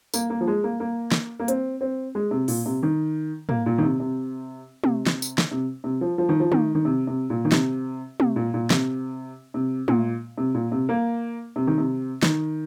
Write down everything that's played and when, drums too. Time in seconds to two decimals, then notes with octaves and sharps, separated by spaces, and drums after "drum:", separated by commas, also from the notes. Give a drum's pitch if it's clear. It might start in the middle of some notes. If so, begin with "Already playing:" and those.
0.14 A#3, drum: tambourine
0.30 A#3
0.41 F3
0.47 G#3
0.64 A#3
0.80 A#3
1.12 drum: snare
1.40 A#3
1.48 C4, drum: hi-hat
1.81 C4
2.15 G#3
2.31 C3
2.48 A#2, drum: open hi-hat
2.66 C3
2.83 D#3
3.49 A#3, drum: tom
3.66 A#2
3.78 D#3
3.83 C3
4.00 C3
4.84 C3, drum: tom
5.07 drum: snare
5.22 drum: tambourine
5.38 drum: snare
5.51 C3
5.84 C3
6.01 F3
6.18 F3
6.29 D#3
6.40 F3
6.52 D#3, drum: tom
6.75 D#3
6.85 C3
7.07 C3
7.30 A#2
7.45 D#3
7.52 C3, drum: snare
8.20 C3, drum: tom
8.36 A#2
8.54 A#2
8.70 C3, drum: snare
9.54 C3
9.88 A#2, drum: tom
10.38 C3
10.55 A#2
10.72 C3
10.89 A#3
11.56 C3
11.67 D#3
11.78 C3
12.23 D#3, drum: snare